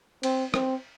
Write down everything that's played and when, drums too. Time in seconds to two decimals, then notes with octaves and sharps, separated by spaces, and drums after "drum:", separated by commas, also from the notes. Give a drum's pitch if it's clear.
0.23 C4, drum: cymbal
0.54 C4, drum: rim click